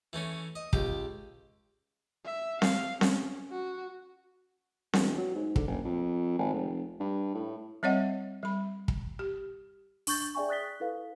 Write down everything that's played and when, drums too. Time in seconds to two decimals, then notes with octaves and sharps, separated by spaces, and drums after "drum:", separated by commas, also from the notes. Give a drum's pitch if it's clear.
0.13 E3 A3 C#4
0.55 D#5
0.73 C#2 G4, drum: kick
2.25 E5
2.62 F5, drum: snare C4
3.01 C#4, drum: snare C4
3.51 F#4
4.93 E1, drum: snare C4
5.18 F#3
5.35 G#2
5.56 D3, drum: kick
5.67 F#1
5.85 F2
6.39 G#1
6.54 F1
7.00 G2
7.34 A2
7.83 G3 C4 C#5 D#5 E5 F#5
8.43 G3 B5
8.88 drum: kick
9.19 G4
10.07 D4 C#6 G6 A6, drum: open hi-hat
10.35 G#4 D5 E5 G5 G#5 C#6
10.49 D#6 F#6 A6 B6 G7
10.80 E4 A4 B4 F5